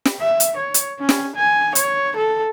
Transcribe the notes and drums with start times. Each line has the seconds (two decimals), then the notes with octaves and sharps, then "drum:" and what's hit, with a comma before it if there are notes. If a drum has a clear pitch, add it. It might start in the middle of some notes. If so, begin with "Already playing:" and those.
0.05 drum: snare
0.20 E5
0.40 drum: hi-hat
0.57 C#5
0.74 drum: hi-hat
1.00 C#4
1.09 drum: snare
1.36 G#5
1.75 C#5, drum: hi-hat
2.17 A4